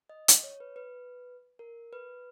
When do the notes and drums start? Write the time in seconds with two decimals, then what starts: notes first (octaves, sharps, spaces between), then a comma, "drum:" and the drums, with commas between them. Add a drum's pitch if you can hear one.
0.09 D#5
0.28 drum: hi-hat
0.43 C#5
0.60 B4
0.76 B4
1.59 A#4
1.93 B4